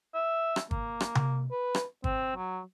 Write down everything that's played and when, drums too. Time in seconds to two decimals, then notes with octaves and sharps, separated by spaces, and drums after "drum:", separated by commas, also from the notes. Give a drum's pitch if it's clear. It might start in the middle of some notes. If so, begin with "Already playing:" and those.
0.14 E5
0.56 drum: rim click
0.71 A#3, drum: kick
1.00 drum: rim click
1.15 drum: tom C3
1.51 B4
1.75 drum: rim click
2.04 C4, drum: kick
2.36 F#3